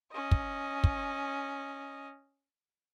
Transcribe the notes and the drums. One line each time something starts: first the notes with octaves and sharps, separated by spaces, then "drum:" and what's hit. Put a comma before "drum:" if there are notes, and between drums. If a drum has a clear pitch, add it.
C#4 D#5
drum: kick
drum: kick